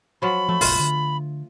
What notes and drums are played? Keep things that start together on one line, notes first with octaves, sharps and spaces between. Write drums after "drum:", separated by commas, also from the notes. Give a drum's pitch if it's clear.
F3 F#3 F4 B5
F3 A3
F#1 B1 F4, drum: open hi-hat
D3